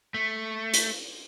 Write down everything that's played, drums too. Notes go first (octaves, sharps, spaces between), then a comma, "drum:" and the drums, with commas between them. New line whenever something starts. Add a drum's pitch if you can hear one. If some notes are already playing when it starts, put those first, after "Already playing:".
A3
drum: hi-hat